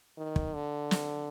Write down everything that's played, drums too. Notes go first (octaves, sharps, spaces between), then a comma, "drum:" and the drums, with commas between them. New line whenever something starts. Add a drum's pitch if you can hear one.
D#3
drum: kick
D3
drum: snare